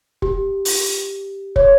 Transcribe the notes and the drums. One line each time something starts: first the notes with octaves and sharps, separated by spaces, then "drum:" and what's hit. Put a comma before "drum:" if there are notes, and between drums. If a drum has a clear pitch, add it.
G4, drum: kick
drum: open hi-hat
C#5, drum: kick